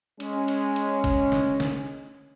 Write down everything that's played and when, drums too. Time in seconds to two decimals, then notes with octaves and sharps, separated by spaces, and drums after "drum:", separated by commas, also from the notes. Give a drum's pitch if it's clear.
0.20 G#3 C#4, drum: cymbal
0.48 drum: cymbal
0.76 drum: cymbal
1.04 drum: kick G1, cymbal
1.32 drum: snare
1.60 drum: snare